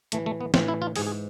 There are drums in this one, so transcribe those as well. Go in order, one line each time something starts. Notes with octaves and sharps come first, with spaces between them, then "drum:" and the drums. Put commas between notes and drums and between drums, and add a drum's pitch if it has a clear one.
A2 E3 A3, drum: hi-hat
A3
B3
A2 E3 C4, drum: snare
E4
F4
G#2 E3 G#4, drum: open hi-hat
G#4